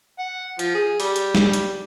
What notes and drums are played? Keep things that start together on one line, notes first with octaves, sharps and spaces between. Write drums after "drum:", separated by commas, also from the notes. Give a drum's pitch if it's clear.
F#5
F3, drum: hi-hat
G#4
G3, drum: open hi-hat
drum: hi-hat
drum: snare
drum: hi-hat